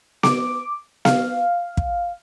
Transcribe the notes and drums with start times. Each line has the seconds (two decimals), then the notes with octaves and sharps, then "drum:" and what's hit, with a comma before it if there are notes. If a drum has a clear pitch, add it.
0.23 D6, drum: snare B3
1.05 F5, drum: snare B3
1.77 drum: kick